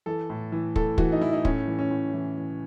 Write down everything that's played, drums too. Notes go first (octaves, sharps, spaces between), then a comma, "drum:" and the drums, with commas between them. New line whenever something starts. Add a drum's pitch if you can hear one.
E3 A4
A2
E3
A2 A4, drum: kick
E3 F#4, drum: kick
D#4
E3 E4
D#4
A2 C#4, drum: kick
E3
C#4
A2
E3
E3